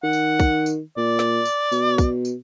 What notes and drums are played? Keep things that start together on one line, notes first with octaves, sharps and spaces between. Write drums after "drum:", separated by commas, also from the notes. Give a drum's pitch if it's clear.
D#3 F#5
drum: tambourine
drum: kick, tambourine
drum: tambourine
A#2 D5
drum: snare
drum: tambourine
B2, drum: tambourine
drum: kick, tambourine
drum: tambourine